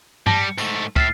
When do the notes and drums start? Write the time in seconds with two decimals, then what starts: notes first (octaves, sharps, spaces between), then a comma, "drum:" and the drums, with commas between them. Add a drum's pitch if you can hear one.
0.27 G3 A5 A#6, drum: tom G2
0.41 C#7
0.58 G#2 A3, drum: tambourine
0.96 A2 E5 F6 A6 C7, drum: kick